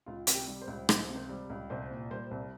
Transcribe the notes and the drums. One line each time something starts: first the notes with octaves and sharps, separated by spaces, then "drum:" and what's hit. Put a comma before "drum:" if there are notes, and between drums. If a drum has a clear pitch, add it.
C#2 F4
C3, drum: hi-hat
G4
G3
C5
C#2
C#2 C5, drum: rim click
C3
C5
G3
C#2
C2 C5
A#2
G3 C5
C2